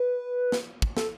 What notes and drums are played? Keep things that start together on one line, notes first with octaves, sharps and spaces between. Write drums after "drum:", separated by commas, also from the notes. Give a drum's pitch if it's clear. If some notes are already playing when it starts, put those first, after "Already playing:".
Already playing: B4
drum: snare
drum: kick
A4, drum: snare